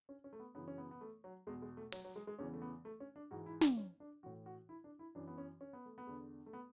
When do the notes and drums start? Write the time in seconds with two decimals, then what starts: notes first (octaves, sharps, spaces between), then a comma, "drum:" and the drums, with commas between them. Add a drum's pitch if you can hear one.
0.09 C#4
0.24 C#4
0.33 A3
0.40 B3
0.55 F#2 C#3 E3 B3
0.68 C#4
0.78 B3
0.91 B3
1.01 A3
1.24 F#3
1.47 E2 B2 G#3
1.62 G#3
1.77 A3
1.92 F#3, drum: open hi-hat
2.05 F#3
2.16 G#3
2.27 G#3
2.39 E2 C#3 E3 C#4
2.53 A3
2.62 B3
2.85 A3
3.00 C#4
3.16 D4
3.31 G#2 E3 F#4
3.46 E4
3.61 D4, drum: snare
3.77 C#4
4.00 D4
4.23 A2 E3 F#4
4.46 F#4
4.69 E4
4.84 D4
4.99 E4
5.15 F#2 E3 D4
5.27 B3
5.38 C#4
5.61 C#4
5.73 B3
5.86 A3
5.98 B3
6.07 E2 D3
6.46 A3
6.53 B3